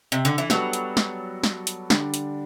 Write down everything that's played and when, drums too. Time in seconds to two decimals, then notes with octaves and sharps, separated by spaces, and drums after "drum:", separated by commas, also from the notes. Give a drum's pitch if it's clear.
0.12 C3
0.25 D3
0.38 E3
0.50 F#3 G3 B3 F#4 A4, drum: snare
0.73 drum: hi-hat
0.97 drum: snare
1.44 drum: snare
1.67 drum: hi-hat
1.90 D3 G3 D4, drum: snare
2.14 drum: hi-hat